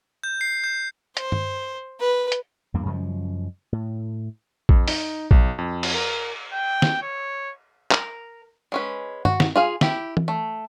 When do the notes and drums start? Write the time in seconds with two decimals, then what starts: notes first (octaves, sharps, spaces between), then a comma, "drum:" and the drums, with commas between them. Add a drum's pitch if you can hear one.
0.24 G6
0.41 C7
0.64 G6
1.17 C5, drum: hi-hat
1.32 drum: tom G2
2.01 B4
2.32 drum: hi-hat
2.74 E2 G2 A#3
2.85 F#2 C#3 F3 G#3
3.72 A2
4.69 F2, drum: kick A#1
4.88 D#4, drum: open hi-hat
5.31 B1, drum: kick A#1
5.58 F2
5.83 drum: cymbal
5.94 A#4
6.53 G5
6.82 drum: snare
7.02 C#5
7.91 A#4, drum: clap
8.72 G#3 C#4 B4
9.25 F#4, drum: tom G2
9.40 drum: snare
9.56 F4 G#4 F5
9.81 E4 G4, drum: snare
10.17 drum: tom E3
10.28 A3